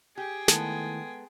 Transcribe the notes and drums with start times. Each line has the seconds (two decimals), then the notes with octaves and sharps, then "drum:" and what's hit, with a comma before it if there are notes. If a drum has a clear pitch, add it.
0.18 G4 G#4 G5
0.48 D#3 G#3 A3 B3 E4 A4, drum: snare